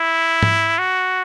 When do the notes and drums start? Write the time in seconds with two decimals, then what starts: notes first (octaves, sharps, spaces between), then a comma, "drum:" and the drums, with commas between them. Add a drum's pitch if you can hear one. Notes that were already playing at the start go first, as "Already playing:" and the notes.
Already playing: E4
0.43 drum: tom G#2
0.79 F#4